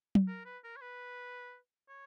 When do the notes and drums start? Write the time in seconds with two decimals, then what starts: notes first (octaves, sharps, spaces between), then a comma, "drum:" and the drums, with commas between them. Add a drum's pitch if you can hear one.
0.15 drum: tom F#3
0.28 A#4
0.45 B4
0.64 A#4
0.76 C#5
0.81 B4
1.89 C#5